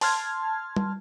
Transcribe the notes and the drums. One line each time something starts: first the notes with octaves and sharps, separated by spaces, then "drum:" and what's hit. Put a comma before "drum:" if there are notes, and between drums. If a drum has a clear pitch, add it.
A5 C6 F6 G#6, drum: open hi-hat
drum: tom G3